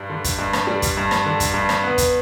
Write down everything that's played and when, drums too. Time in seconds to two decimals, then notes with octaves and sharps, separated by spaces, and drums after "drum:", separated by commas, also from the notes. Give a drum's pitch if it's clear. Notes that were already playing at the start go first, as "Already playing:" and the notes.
Already playing: G2 G3
0.10 D3
0.24 drum: kick, hi-hat
0.39 G2
0.53 drum: rim click
0.67 G3
0.82 drum: kick, hi-hat
0.97 G2
1.11 drum: rim click
1.26 D3
1.40 drum: kick, hi-hat
1.54 G2
1.69 drum: rim click
1.84 B3
1.98 drum: kick, hi-hat